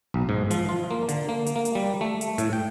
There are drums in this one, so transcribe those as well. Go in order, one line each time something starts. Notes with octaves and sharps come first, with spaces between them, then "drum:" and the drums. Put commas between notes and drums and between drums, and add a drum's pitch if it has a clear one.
B1
G#2
F3, drum: hi-hat
F4
A#3
D3, drum: hi-hat
A#3
drum: hi-hat
A#3
drum: hi-hat
G3
A3
drum: hi-hat
A2, drum: hi-hat
G5